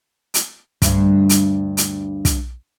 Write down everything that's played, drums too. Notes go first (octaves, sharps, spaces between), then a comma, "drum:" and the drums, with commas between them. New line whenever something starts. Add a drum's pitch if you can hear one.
drum: hi-hat
D2 G2, drum: kick, hi-hat
drum: hi-hat
drum: hi-hat
drum: kick, hi-hat